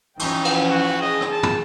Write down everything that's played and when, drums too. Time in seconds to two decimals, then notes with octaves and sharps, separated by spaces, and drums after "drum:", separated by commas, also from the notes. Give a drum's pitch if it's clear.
0.19 E3 F3 C#4 D#4 G5, drum: cymbal
0.45 drum: cymbal
0.70 F#4
1.01 G#4 D#5
1.21 drum: rim click
1.32 A5
1.43 drum: tom